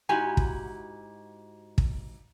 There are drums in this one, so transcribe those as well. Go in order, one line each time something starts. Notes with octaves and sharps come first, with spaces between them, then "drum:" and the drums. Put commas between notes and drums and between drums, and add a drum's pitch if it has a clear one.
G#2 E4 F#4 G4 G#5 A#5
drum: kick
drum: kick